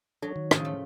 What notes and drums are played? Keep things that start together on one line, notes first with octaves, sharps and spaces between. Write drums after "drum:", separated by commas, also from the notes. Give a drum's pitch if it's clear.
F#3 D4 A4
D#3
A2 C#3 F3, drum: rim click
A3